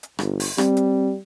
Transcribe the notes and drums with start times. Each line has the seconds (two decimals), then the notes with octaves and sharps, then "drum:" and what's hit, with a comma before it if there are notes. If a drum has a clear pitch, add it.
0.03 drum: hi-hat
0.19 G1, drum: rim click
0.40 drum: open hi-hat
0.58 G3 C4, drum: rim click
0.77 drum: hi-hat